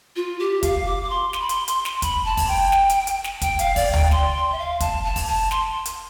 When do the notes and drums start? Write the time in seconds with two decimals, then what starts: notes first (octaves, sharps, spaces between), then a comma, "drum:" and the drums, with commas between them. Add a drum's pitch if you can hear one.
0.16 F4
0.40 G4
0.63 F5, drum: kick, hi-hat
0.86 D6
1.03 D6
1.10 C6
1.33 C6, drum: snare
1.41 B5
1.49 C6, drum: hi-hat
1.68 C6, drum: hi-hat
1.85 drum: snare
2.02 B5, drum: kick, hi-hat
2.25 A5
2.37 drum: kick, open hi-hat
2.48 G5
2.72 drum: snare
2.90 drum: hi-hat
3.07 drum: hi-hat
3.24 drum: snare
3.42 G5, drum: kick, hi-hat
3.59 F5, drum: hi-hat
3.76 D5, drum: kick, open hi-hat
3.93 G5, drum: tom D2
4.11 C6, drum: snare
4.35 C6
4.52 E5
4.58 F5
4.80 A5, drum: kick, hi-hat
5.04 A5
5.16 drum: kick, open hi-hat
5.28 A5
5.51 C6, drum: snare
5.85 drum: hi-hat